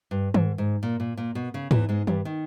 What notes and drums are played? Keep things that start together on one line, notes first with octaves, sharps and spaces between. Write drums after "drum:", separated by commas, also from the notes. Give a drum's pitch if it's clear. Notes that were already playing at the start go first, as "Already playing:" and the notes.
G2
G#2, drum: tom D#3
G#2
A#2
A#2
A#2
B2
C#3
E2 E3, drum: tom G#2
G#2 G#3
G2 G3, drum: tom D#3
D#3